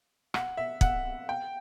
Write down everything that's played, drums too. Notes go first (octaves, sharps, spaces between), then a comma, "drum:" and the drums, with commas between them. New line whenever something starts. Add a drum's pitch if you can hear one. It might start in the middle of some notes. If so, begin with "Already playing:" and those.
F#5, drum: rim click
E5
F#5, drum: kick
G5